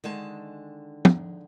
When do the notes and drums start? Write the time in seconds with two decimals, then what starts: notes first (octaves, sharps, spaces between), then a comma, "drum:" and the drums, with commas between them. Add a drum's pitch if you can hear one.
0.04 D3 D#3 G#3 A5
1.05 drum: tom